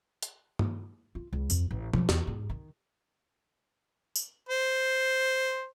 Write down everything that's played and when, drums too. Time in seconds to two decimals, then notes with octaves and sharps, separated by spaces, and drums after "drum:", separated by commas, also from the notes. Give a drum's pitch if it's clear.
0.23 drum: hi-hat
0.59 drum: tom G2
1.15 F4
1.33 C#2
1.50 F2, drum: tambourine
1.71 A1
1.94 F3, drum: tom B2
2.09 E2, drum: snare
2.27 G#2
2.50 D#3
4.16 drum: tambourine
4.49 C5